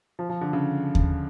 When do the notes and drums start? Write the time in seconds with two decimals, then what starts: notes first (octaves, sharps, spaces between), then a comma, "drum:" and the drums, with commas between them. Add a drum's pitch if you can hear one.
0.19 F3
0.30 F3
0.41 D3
0.53 C#3
0.95 drum: kick D#2